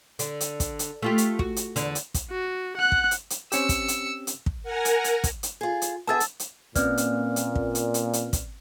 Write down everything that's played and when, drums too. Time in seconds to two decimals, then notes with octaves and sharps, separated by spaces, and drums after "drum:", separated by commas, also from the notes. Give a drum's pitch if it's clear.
0.19 D3, drum: hi-hat
0.41 drum: hi-hat
0.60 drum: kick, hi-hat
0.79 drum: hi-hat
1.02 A3 F4 G4
1.18 drum: hi-hat
1.39 F#4, drum: kick
1.56 drum: hi-hat
1.76 E2 D3, drum: hi-hat
1.95 drum: hi-hat
2.14 drum: kick, hi-hat
2.31 F#4
2.77 F#5 F#6
2.92 drum: kick
3.11 drum: hi-hat
3.30 drum: hi-hat
3.52 C4 C#4 G4 E6 C#7, drum: hi-hat
3.69 drum: kick, hi-hat
3.88 drum: hi-hat
4.27 drum: hi-hat
4.46 drum: kick
4.63 A#4 F#5 G#5 A#5
4.85 drum: hi-hat
5.04 drum: hi-hat
5.24 drum: kick, hi-hat
5.43 drum: hi-hat
5.61 F4 G#4
5.82 drum: hi-hat
6.07 B3 G#4 E5 A5 E6 A6
6.20 drum: hi-hat
6.40 drum: hi-hat
6.75 A#2 A#3 C4 C#4 B4 D5 F6, drum: kick, hi-hat
6.97 drum: hi-hat
7.36 drum: hi-hat
7.55 drum: kick
7.75 drum: hi-hat
7.94 drum: hi-hat
8.13 drum: hi-hat
8.33 drum: kick, hi-hat